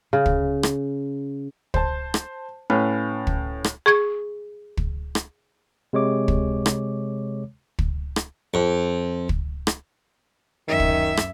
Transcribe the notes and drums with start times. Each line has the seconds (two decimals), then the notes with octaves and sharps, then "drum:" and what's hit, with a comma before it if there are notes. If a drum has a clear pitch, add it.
0.13 C#3
0.26 drum: kick
0.63 drum: rim click
1.74 C5 A5, drum: kick
2.14 drum: rim click
2.70 A2 C#4 B4 F5
3.27 drum: kick
3.64 drum: rim click
3.86 G#4 C#6 G#6
4.77 drum: kick
5.15 drum: rim click
5.93 C3 G#3 C#5 D6
6.28 drum: kick
6.66 drum: rim click
7.79 drum: kick
8.16 drum: rim click
8.54 F2
9.29 drum: kick
9.67 drum: rim click
10.68 F#2 D#3 E5
10.80 drum: kick
11.17 drum: rim click